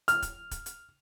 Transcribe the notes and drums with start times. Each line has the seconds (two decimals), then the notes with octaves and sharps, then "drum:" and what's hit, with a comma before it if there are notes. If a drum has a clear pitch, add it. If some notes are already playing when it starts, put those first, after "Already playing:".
0.08 F6, drum: hi-hat
0.22 drum: kick, hi-hat
0.51 drum: kick, hi-hat
0.66 drum: hi-hat